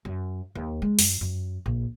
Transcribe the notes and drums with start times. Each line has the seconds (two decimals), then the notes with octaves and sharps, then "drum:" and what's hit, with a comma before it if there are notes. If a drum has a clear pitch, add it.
0.05 F#2
0.55 D#2
0.82 G#3
0.99 F#2, drum: open hi-hat
1.21 F#2
1.66 A#1